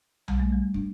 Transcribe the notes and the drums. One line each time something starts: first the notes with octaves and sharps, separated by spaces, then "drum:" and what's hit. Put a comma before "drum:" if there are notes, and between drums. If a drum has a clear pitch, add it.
G3, drum: tom B1
A3
G3
D4, drum: kick